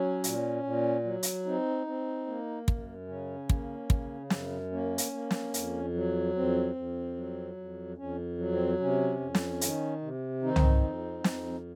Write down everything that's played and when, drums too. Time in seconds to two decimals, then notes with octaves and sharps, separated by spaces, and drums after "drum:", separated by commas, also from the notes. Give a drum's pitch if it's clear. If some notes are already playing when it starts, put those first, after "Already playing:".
Already playing: F#3 C#4
0.24 A#2, drum: hi-hat
0.63 A#2
1.04 F#3
1.23 drum: hi-hat
1.45 C4 D#4
1.87 C4
2.27 A#3
2.68 F#2, drum: kick
3.08 C#3 C#4
3.50 A#3, drum: kick
3.90 C#3, drum: kick
4.30 F#2, drum: snare
4.72 A#3 C#4
4.98 drum: hi-hat
5.12 A#3
5.31 drum: snare
5.54 F2, drum: hi-hat
5.94 F#3
6.35 F2 C4
6.75 F2
7.16 F#3
7.57 F2
7.97 F2 C#4
8.38 F#3
8.52 C4
8.80 C3 C#4
9.20 F2
9.35 drum: snare
9.61 D#3, drum: hi-hat
10.02 C3
10.42 D#3 C4 D#4
10.56 drum: tom
10.83 F2
11.24 F2, drum: snare